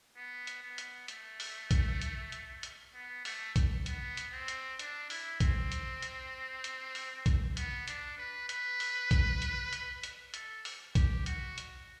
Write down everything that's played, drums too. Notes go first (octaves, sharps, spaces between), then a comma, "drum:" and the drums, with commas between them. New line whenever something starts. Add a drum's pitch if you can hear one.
B3
drum: hi-hat
B3
drum: hi-hat
A3, drum: hi-hat
drum: open hi-hat
drum: kick A#1, hi-hat
drum: hi-hat
drum: hi-hat
drum: hi-hat
B3
A3, drum: open hi-hat
drum: kick A#1, hi-hat
B3, drum: hi-hat
drum: hi-hat
C4
drum: hi-hat
D4, drum: hi-hat
E4, drum: open hi-hat
C4, drum: kick A#1, hi-hat
drum: hi-hat
drum: hi-hat
drum: hi-hat
drum: open hi-hat
drum: kick A#1, hi-hat
B3, drum: hi-hat
D4, drum: hi-hat
B4
B4, drum: hi-hat
drum: open hi-hat
drum: kick A#1, hi-hat
drum: hi-hat
drum: hi-hat
drum: hi-hat
A4, drum: hi-hat
drum: open hi-hat
G4, drum: kick A#1, hi-hat
F#4, drum: hi-hat
drum: hi-hat